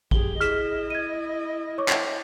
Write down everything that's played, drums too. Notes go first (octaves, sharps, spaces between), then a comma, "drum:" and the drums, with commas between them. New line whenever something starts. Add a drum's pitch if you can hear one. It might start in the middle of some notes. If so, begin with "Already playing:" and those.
F#2 G4 G#4 G7, drum: kick
E4 G#4 D#5 F6 B6 E7, drum: hi-hat
G#6 D#7
C#5 C#6 D6
drum: clap